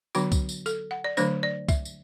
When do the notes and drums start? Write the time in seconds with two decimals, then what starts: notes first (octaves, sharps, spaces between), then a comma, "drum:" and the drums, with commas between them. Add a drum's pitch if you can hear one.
0.15 D3 F#3 B3 D4 F#4, drum: tambourine
0.32 drum: kick C2, tambourine
0.49 drum: tambourine
0.66 A4, drum: tambourine
0.91 F#5
1.04 D5
1.17 D3 F#3 A3 D4 C5, drum: tambourine
1.43 D5
1.69 E5, drum: kick C2, tambourine
1.85 drum: tambourine